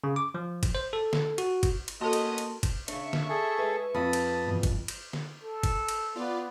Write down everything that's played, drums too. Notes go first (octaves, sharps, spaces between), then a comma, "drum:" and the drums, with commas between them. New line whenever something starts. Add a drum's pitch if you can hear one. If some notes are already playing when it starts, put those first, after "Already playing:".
C#3
D6
F3
drum: kick F#1, cymbal
C5
A4
drum: snare
F#4, drum: cymbal
drum: kick F#1, cymbal
drum: cymbal
A#3 B3 C#4 F#4 A4 D#5 A5 C6
drum: cymbal
drum: cymbal
drum: kick F#1, cymbal
C#3 D4 E5 C#6, drum: cymbal
drum: snare
G#4 A4
G#3 B4
F2 A5 B5 D#6
drum: cymbal
G2 B2 E3
drum: kick F#1, cymbal
drum: cymbal
drum: snare
A4
drum: kick F#1, cymbal
drum: cymbal
B3 F4 D5